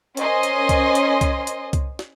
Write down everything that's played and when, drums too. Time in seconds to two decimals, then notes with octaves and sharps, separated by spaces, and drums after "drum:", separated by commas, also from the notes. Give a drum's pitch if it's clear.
0.17 C#4 A#4 C5 D#5 G#5 C6, drum: hi-hat
0.43 drum: hi-hat
0.69 drum: kick C2, hi-hat
0.95 drum: hi-hat
1.21 drum: kick C2, hi-hat
1.47 drum: hi-hat
1.73 drum: kick C2, hi-hat
1.99 drum: snare